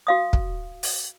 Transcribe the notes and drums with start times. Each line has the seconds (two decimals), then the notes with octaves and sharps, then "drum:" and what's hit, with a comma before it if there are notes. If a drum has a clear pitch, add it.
0.07 F#4 F5 D#6
0.33 drum: kick
0.83 drum: open hi-hat